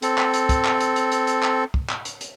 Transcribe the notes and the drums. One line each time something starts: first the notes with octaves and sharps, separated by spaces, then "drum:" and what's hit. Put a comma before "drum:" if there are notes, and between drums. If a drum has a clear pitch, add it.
C4 A4, drum: hi-hat
drum: clap
drum: hi-hat
drum: kick, hi-hat
drum: clap
drum: hi-hat
drum: hi-hat
drum: hi-hat
drum: hi-hat
drum: clap
drum: kick
drum: clap
drum: hi-hat
drum: hi-hat